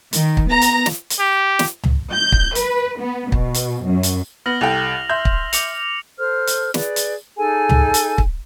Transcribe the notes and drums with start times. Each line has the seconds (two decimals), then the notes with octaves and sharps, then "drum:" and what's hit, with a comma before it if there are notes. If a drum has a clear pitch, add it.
0.13 D#3, drum: hi-hat
0.37 drum: kick
0.50 B3 A#5 A#6
0.61 drum: hi-hat
0.86 drum: snare
1.10 drum: hi-hat
1.19 G4
1.59 drum: snare
1.84 drum: tom C#2
2.13 G6
2.32 drum: kick
2.55 B4, drum: hi-hat
2.99 B3
3.32 B2, drum: kick
3.54 drum: hi-hat
3.84 F#2
4.03 drum: hi-hat
4.46 B3 F6 A#6 F#7
4.61 C2 A4 G5 F7
5.09 E5 C6 G6
5.25 drum: kick
5.53 D6 C#7 F7, drum: hi-hat
6.18 A4 C5 F6
6.47 drum: hi-hat
6.74 G#4 B4 D5, drum: snare
6.96 drum: hi-hat
7.37 D#4 G#4 A4 G#5
7.69 drum: tom C#2
7.94 drum: hi-hat
8.18 drum: kick